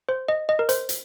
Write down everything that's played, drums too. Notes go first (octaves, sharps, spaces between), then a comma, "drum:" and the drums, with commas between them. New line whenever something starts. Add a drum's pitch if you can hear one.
C5
D#5
D#5
A#4
C5, drum: hi-hat
drum: hi-hat